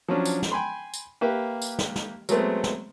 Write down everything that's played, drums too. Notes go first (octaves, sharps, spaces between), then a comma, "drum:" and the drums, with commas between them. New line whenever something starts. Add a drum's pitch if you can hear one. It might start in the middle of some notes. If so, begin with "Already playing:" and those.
F3 F#3 C#4 D4
drum: tambourine
drum: snare
G5 G#5 B5 C6
drum: tambourine
A#3 G4 B4 E5
drum: tambourine
drum: snare
drum: snare
F#3 G#3 A3 B3 C4, drum: tambourine
drum: snare